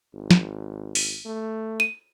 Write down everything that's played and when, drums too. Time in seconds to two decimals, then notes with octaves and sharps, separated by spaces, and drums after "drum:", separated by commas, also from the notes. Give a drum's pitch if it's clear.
0.14 G#1
0.31 drum: snare
0.95 drum: open hi-hat
1.26 A3
1.80 D#7